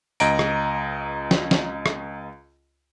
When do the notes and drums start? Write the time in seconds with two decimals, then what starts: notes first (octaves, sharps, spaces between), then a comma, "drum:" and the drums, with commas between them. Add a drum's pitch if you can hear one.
0.20 C#2 D#5 A#5 D7, drum: tambourine
0.39 drum: rim click
1.31 drum: snare
1.51 drum: snare
1.86 drum: rim click